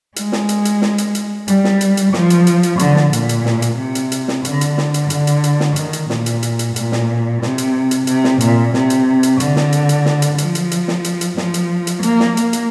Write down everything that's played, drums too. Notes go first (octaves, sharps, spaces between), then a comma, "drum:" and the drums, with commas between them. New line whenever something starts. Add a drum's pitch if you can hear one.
G#3, drum: hi-hat
drum: snare
drum: hi-hat
drum: hi-hat
drum: snare
drum: hi-hat
drum: hi-hat
G3, drum: hi-hat
drum: snare
drum: hi-hat
drum: hi-hat
F3, drum: snare
drum: hi-hat
drum: hi-hat
drum: hi-hat
D3, drum: hi-hat
drum: snare
A#2, drum: hi-hat
drum: hi-hat
drum: snare
drum: hi-hat
C3
drum: hi-hat
drum: hi-hat
drum: snare
D3, drum: hi-hat
drum: hi-hat
drum: snare
drum: hi-hat
D3, drum: hi-hat
drum: hi-hat
drum: hi-hat
drum: snare
D#3, drum: hi-hat
drum: hi-hat
A#2, drum: snare
drum: hi-hat
drum: hi-hat
drum: hi-hat
A#2, drum: hi-hat
drum: snare
C3, drum: snare
drum: hi-hat
drum: hi-hat
C3, drum: hi-hat
drum: snare
A#2, drum: hi-hat
C3, drum: snare
drum: hi-hat
drum: hi-hat
D3, drum: hi-hat
drum: snare
drum: hi-hat
drum: hi-hat
drum: snare
drum: hi-hat
F3, drum: hi-hat
drum: hi-hat
drum: hi-hat
drum: snare
drum: hi-hat
drum: hi-hat
F3, drum: snare
drum: hi-hat
drum: hi-hat
A#3, drum: hi-hat
drum: snare
A#3, drum: hi-hat
drum: hi-hat